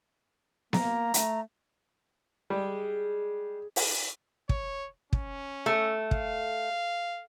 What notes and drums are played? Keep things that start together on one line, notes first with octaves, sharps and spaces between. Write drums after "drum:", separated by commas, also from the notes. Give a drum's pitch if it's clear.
A#3 A#5, drum: snare B3
A3, drum: hi-hat
G3 G#3
drum: open hi-hat
C#5, drum: kick
C#4, drum: kick
A3
F5, drum: kick